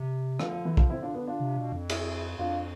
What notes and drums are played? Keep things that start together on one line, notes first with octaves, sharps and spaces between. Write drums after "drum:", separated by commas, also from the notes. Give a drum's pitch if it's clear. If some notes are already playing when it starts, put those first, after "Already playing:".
Already playing: C3
D3 F3 A3, drum: rim click
F3
E3
F3, drum: kick
C4 E4
D4 F4
B3 D4
D4 F4
C3
B2
F2
E4 G#4, drum: cymbal
F2 D4 F4